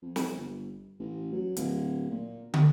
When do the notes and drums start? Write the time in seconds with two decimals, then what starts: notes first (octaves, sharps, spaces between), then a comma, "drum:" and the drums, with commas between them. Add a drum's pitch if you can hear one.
0.03 F2
0.16 drum: snare
0.35 G1
1.00 A1
1.33 F#3
1.57 D1, drum: hi-hat
2.10 A#2
2.54 C3, drum: tom